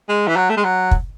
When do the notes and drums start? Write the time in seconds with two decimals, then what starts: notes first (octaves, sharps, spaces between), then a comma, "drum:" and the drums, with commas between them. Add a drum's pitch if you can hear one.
0.09 G#3
0.28 E3
0.37 F#3
0.50 A3
0.57 G#3
0.64 F#3
0.91 drum: kick